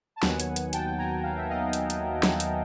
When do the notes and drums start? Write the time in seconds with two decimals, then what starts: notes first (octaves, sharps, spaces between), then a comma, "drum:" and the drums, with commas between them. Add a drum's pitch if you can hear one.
0.16 A5
0.23 D#2 D#3 F#3 B3 F#5 G#5, drum: snare
0.40 drum: hi-hat
0.56 drum: hi-hat
0.73 G5 A5, drum: hi-hat
0.98 G#5 A#5
1.23 F5
1.37 E5
1.49 D#5 F5
1.73 drum: hi-hat
1.90 drum: hi-hat
2.23 drum: snare
2.40 drum: hi-hat